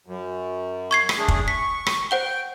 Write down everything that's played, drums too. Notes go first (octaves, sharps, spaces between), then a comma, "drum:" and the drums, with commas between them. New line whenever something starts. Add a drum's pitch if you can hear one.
F#2
C#6 G#6 C7
drum: rim click
A3 D4 G#4
drum: kick
C#6 B6
drum: rim click
C5 F#5 G5 G7